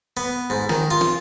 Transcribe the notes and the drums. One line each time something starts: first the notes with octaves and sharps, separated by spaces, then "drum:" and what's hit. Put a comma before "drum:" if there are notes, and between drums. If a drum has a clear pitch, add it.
B3
G#2
D#3, drum: snare
F4
drum: snare